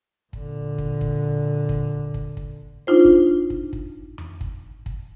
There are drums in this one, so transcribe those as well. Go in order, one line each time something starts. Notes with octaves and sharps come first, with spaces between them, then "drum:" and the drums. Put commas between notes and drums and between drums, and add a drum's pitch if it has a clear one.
A#2 D3, drum: kick
drum: kick
drum: kick
drum: kick
drum: kick
drum: kick
D4 D#4 F4 C5
drum: kick
drum: kick
drum: kick
drum: tom E2
drum: kick
drum: kick